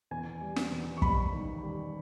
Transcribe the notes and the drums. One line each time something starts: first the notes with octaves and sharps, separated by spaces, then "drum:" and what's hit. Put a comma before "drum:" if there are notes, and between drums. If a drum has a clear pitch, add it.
E2 G#5
G3
drum: snare
E2
C#6
G3 B5, drum: kick
D#3
G3